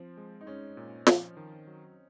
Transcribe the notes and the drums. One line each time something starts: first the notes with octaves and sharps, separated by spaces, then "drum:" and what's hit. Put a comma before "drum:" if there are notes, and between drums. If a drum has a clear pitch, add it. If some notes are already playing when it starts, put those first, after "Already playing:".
Already playing: F3 C4
G#3
D#4
G#3 C#4
A#2
F3, drum: snare
D#3
F#3